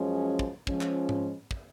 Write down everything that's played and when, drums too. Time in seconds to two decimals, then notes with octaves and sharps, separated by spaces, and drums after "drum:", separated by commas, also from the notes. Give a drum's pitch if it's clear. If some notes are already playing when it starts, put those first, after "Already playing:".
Already playing: F#2 F3 G#3 C#4
0.39 drum: kick
0.67 F3 G#3 C#4, drum: kick
0.81 drum: clap
1.09 drum: tom G#2
1.51 drum: kick